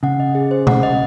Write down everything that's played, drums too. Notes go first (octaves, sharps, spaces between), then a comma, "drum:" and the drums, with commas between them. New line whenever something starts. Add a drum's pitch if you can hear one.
C#3 F#5
D#5
G#4
C5
F#5, drum: tom B2
D#5